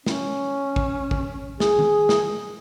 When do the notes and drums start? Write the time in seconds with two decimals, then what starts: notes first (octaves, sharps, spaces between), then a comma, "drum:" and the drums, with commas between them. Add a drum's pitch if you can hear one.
0.06 C#4, drum: snare
0.76 drum: kick
1.11 drum: kick
1.60 G#4, drum: snare
1.79 drum: tom D#3
2.09 drum: snare